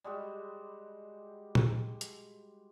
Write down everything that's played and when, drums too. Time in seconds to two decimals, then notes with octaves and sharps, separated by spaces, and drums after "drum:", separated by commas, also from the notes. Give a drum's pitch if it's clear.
0.04 G3 G#3 F#4 G4
1.55 drum: tom A#2
2.01 drum: hi-hat